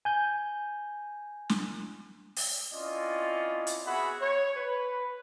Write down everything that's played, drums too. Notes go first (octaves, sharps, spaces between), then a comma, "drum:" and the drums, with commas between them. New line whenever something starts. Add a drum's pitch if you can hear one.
G#5 G6
drum: snare
drum: open hi-hat
C4 C#4 E4 F4 D5 D#5
drum: hi-hat
B3 F#4 G#4 E5 F#5 B5
C#5
B4